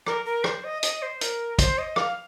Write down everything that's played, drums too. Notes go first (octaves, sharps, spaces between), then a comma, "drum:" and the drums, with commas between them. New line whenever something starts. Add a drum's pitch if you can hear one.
A#4, drum: rim click
A#4
C5, drum: rim click
D#5
D#5, drum: hi-hat
C5
A#4, drum: hi-hat
C5, drum: kick, hi-hat
D#5
F5, drum: rim click